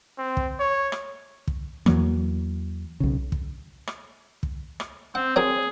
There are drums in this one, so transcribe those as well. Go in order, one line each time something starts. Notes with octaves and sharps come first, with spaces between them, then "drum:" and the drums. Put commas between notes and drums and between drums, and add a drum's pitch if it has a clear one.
C4
drum: kick
C#5
drum: rim click
drum: kick
E2 E3 F#3 A#3, drum: rim click
B1 C#3
drum: kick
drum: rim click
drum: kick
drum: rim click
C4 F#5
F#3 C4 G#4 A#4